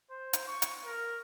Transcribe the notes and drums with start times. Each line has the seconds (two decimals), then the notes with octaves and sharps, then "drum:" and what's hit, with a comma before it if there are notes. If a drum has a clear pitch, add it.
0.11 C5
0.33 drum: hi-hat
0.48 C#6
0.62 drum: hi-hat
0.85 A#4